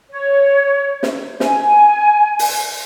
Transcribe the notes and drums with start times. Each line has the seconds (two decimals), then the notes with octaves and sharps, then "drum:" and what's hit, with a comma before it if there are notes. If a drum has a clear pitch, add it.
0.11 C#5
1.03 drum: snare
1.40 G#5, drum: snare
2.39 drum: open hi-hat